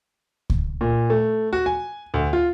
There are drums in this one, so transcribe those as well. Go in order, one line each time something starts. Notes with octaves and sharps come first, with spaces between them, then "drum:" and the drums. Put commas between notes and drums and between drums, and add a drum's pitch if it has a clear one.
drum: kick C#2
A#2
A3
F#4
G#5
D2
F4